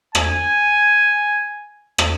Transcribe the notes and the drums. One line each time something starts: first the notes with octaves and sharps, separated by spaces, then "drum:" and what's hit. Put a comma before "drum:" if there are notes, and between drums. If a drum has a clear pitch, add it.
G#5, drum: rim click
drum: rim click